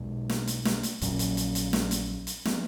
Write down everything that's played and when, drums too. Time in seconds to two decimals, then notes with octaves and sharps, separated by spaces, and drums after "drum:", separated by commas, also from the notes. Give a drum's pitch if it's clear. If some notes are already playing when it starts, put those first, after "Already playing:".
Already playing: B1 B2 G#3
0.29 drum: snare
0.47 drum: hi-hat
0.65 drum: snare
0.83 drum: hi-hat
1.01 A#1 A#2 F#3 C#4, drum: hi-hat
1.19 drum: hi-hat
1.37 drum: hi-hat
1.55 drum: hi-hat
1.73 drum: snare
1.91 drum: hi-hat
2.27 drum: hi-hat
2.45 F3 B3, drum: snare